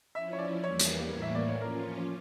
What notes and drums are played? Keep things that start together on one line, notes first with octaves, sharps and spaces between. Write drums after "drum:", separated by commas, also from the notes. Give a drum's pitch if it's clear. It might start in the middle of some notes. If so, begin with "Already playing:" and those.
F3 C#4 E4 E5
C#5
D5
E2 E3 G3 A#3 C#5
drum: hi-hat
A2 E3 A#3
E5
D5
C#5
F3 C#4 F4 A#4